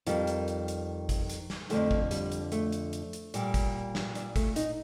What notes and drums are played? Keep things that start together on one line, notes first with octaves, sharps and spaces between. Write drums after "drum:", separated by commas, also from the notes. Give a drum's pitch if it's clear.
F2 D#3 G3 F4, drum: hi-hat
drum: hi-hat
drum: hi-hat
drum: hi-hat
drum: kick, hi-hat
drum: hi-hat
drum: snare
F2 D3 F3 A3, drum: hi-hat
drum: kick
G3, drum: hi-hat
drum: hi-hat
A3, drum: hi-hat
drum: hi-hat
drum: hi-hat
drum: hi-hat
A#2 G3, drum: hi-hat
drum: kick, hi-hat
drum: snare
G3, drum: hi-hat
A3, drum: kick, hi-hat
D#4, drum: hi-hat